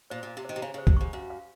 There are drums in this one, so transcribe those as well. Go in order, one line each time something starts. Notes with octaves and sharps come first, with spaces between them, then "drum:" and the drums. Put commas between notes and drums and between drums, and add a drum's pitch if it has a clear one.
A#2 C5
A#2 F5
C3
D#3 C5
C3
C#3 A#5
C#3 C5
C3, drum: kick
G#2 C#6
F#2 F5
F5